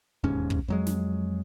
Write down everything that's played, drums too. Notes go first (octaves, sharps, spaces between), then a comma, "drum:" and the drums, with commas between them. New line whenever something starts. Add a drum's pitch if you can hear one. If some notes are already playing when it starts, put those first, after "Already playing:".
E1 D#2 G#2 C#4
drum: kick
F2 F#3 G#3
drum: snare